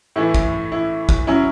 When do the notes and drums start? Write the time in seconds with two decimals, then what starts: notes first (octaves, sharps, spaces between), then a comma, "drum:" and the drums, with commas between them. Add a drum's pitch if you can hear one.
0.16 A2 E3 A3 E4
0.34 drum: kick
0.72 E4
1.09 drum: kick
1.27 F#3 C#4 E4